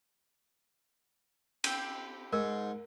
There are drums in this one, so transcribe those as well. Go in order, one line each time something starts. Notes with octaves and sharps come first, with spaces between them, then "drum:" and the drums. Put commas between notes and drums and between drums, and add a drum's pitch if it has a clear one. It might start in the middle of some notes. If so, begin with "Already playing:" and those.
C4 G4, drum: cymbal
G#2 A#4